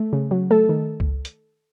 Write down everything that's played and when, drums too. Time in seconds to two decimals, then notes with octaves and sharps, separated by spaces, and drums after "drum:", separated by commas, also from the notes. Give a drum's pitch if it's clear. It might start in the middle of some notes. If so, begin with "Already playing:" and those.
Already playing: A3
0.13 C#3
0.31 F#3
0.51 A3 A4
0.69 D#3
1.00 drum: kick C#2
1.25 drum: hi-hat